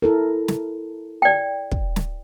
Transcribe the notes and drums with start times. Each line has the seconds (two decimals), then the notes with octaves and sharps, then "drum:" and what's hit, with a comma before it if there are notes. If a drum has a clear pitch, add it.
0.02 E4 A4 A#4
0.48 drum: snare
1.22 D5 G5
1.71 drum: kick
1.96 drum: snare